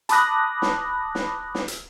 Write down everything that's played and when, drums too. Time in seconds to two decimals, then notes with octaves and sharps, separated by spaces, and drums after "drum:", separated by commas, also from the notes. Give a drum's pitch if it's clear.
0.09 A5 B5 D6 D#6 F#6 A#6, drum: hi-hat
0.62 drum: snare
1.15 drum: snare
1.55 drum: snare
1.68 drum: hi-hat